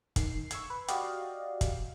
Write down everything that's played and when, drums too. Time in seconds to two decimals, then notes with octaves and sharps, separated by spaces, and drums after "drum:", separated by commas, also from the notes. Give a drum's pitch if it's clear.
0.16 D#3 C7, drum: kick, hi-hat
0.51 C#6 E6 G#6, drum: hi-hat
0.70 B4
0.88 F#4 G4 D5 D#5 F5, drum: hi-hat
1.61 drum: kick, hi-hat